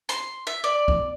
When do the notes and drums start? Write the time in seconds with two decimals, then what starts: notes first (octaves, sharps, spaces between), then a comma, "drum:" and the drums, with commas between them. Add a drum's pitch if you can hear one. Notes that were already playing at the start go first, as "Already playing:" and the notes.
0.09 C6, drum: hi-hat
0.47 E5
0.64 D5
0.88 drum: kick